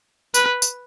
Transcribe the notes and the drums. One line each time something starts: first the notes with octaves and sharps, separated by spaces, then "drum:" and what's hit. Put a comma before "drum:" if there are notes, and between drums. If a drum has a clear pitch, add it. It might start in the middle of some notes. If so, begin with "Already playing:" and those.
B4, drum: tambourine
drum: tambourine